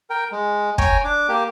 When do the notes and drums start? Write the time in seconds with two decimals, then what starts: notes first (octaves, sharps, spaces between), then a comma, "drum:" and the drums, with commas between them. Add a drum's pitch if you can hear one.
0.10 A#4 G5
0.32 G#3
0.78 C#5 G5 G#5 A#5, drum: kick
1.04 D4 D6
1.28 A#3 G4